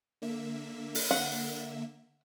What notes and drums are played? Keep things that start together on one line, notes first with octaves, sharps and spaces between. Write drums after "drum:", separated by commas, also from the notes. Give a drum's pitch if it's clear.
D3 A#3 E5
drum: open hi-hat
F#5